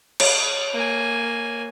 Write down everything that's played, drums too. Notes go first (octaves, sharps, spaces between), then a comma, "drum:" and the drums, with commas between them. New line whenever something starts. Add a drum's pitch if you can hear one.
C#5, drum: cymbal
A#3 G#5